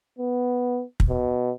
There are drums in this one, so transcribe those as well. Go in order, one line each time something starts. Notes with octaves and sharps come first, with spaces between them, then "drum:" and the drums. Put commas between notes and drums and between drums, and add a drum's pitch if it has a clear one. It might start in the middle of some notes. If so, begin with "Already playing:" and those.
B3
drum: kick
B2